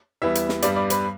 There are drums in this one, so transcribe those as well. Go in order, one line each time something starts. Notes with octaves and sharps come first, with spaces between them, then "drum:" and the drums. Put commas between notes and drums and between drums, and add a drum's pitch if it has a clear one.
E2 E3 G3 B3 E5
drum: hi-hat
drum: snare
G2 G3 B3 D5, drum: hi-hat
D5
B4, drum: hi-hat